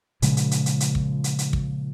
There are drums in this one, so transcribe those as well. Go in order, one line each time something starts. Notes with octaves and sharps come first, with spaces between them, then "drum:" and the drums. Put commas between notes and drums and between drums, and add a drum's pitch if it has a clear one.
A#2 C#3 F3 G#3, drum: hi-hat
drum: hi-hat
drum: hi-hat
drum: hi-hat
drum: hi-hat
drum: kick
drum: hi-hat
drum: hi-hat
drum: kick